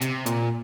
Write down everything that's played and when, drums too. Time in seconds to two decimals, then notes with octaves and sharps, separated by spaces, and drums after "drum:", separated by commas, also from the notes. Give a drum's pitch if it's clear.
0.01 C3, drum: hi-hat
0.26 A#2, drum: hi-hat